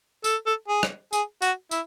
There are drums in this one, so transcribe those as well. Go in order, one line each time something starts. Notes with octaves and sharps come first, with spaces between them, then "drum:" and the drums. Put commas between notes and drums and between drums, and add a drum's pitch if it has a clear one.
A4, drum: tambourine
A4
G#4
drum: rim click
G#4, drum: tambourine
F#4, drum: tambourine
E4, drum: tambourine